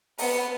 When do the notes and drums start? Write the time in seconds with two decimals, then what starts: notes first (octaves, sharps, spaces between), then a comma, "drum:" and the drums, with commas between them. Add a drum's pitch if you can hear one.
0.18 B3, drum: open hi-hat